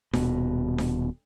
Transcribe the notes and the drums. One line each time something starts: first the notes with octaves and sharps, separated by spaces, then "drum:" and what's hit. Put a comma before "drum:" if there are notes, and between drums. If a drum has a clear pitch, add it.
D#1 B2, drum: snare D4
drum: snare D4